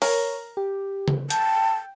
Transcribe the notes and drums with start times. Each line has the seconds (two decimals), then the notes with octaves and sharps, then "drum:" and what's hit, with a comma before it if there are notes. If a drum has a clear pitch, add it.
0.02 A#4 C#5, drum: open hi-hat
0.57 G4
1.08 drum: tom C#3
1.30 G5 A5, drum: hi-hat